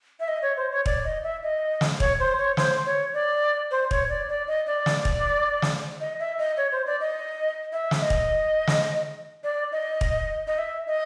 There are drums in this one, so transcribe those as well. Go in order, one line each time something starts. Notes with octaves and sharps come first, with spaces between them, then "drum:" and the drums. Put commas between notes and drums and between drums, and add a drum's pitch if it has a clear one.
E5
D#5
C#5
C5
C#5
D5, drum: kick
D#5
E5
D#5
drum: snare
C#5, drum: kick
C5
C#5
C5, drum: snare
C#5
D5
C5
C#5, drum: kick
D5
D5
D#5
D5
drum: snare
drum: kick
drum: snare
D#5
E5
D#5
C#5
C5
D5
D#5
E5
drum: snare
D#5
drum: kick
drum: snare
D5
D#5
drum: kick
D#5
E5
D#5